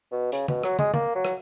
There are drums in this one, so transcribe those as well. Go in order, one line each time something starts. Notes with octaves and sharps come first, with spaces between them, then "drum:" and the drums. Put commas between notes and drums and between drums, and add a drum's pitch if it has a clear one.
B2
C#3, drum: hi-hat
B2, drum: tom
F#3, drum: rim click
G#3, drum: tom
A#3, drum: tom
F#3
drum: rim click